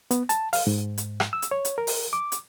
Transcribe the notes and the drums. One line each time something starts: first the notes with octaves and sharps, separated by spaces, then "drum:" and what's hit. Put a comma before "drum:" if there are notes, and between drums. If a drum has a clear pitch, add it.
B3, drum: hi-hat
A5, drum: hi-hat
F5, drum: open hi-hat
G#2
drum: hi-hat
drum: rim click
E6
drum: hi-hat
C#5
drum: hi-hat
A#4
drum: open hi-hat
D6
drum: hi-hat